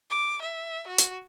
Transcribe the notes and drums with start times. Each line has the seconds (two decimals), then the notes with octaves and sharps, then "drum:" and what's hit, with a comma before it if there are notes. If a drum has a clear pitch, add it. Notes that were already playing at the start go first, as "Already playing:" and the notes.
0.11 D6
0.42 E5
0.88 F#4
0.98 drum: hi-hat